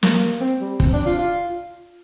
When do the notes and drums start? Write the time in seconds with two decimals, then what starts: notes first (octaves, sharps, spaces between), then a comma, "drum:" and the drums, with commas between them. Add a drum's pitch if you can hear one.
0.03 A#3, drum: snare
0.41 C4
0.61 G3
0.80 C4, drum: kick
0.93 D4
1.06 F4
1.18 F4